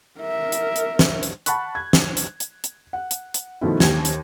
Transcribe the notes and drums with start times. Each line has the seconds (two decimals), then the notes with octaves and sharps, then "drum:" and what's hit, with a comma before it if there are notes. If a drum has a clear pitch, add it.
0.20 A#4 E5
0.52 drum: hi-hat
0.76 drum: hi-hat
0.99 drum: snare
1.23 drum: hi-hat
1.46 F#5 A5 B5 C#6 F#6, drum: hi-hat
1.75 G#6
1.93 drum: snare
2.17 drum: hi-hat
2.40 drum: hi-hat
2.64 drum: hi-hat
2.93 F#5
3.11 drum: hi-hat
3.34 drum: hi-hat
3.61 B2 D#3 F3 A3 D#4 E4
3.80 D#2 G4 G#6, drum: snare
4.05 drum: hi-hat